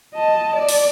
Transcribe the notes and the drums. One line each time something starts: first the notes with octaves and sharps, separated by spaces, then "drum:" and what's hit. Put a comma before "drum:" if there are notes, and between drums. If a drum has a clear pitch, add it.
D#5 A5
D5
drum: open hi-hat